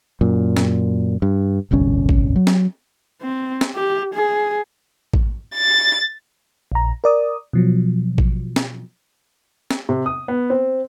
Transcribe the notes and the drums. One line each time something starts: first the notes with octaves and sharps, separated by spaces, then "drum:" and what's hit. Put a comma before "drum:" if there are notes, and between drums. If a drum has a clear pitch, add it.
F#2 A#2
drum: snare
G2
D1 G1 C2 C#4
drum: kick A1
F#3
drum: snare
C4
drum: snare
G4
G#4
drum: kick A1
A6
A#1 A#5
A#4 D5 D#6
B2 F3 F#3
drum: kick A1
drum: snare
drum: snare
C3
D#6
B3
C4